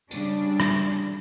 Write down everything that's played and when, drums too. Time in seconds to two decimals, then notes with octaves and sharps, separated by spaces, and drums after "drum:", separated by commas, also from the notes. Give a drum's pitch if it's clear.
0.11 C#3 G3 D4, drum: tambourine
0.60 drum: rim click